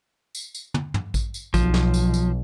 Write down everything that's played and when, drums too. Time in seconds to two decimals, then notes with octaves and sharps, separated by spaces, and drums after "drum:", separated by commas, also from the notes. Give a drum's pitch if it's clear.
0.35 drum: tambourine
0.54 drum: tambourine
0.74 drum: tom
0.94 drum: tom
1.14 drum: kick A1, tambourine
1.34 drum: tambourine
1.54 B1 F3, drum: kick A1, tambourine
1.74 drum: snare
1.94 drum: tambourine
2.14 drum: tambourine